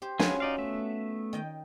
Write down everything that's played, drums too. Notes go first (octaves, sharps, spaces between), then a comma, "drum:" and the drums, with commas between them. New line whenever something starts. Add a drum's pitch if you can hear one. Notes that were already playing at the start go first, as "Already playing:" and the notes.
G4 C5
C#4 F4 F#4 G#4 B4 G#5, drum: snare
D#4 D5 F5
A3 B3 E5
D#3 D#5 G5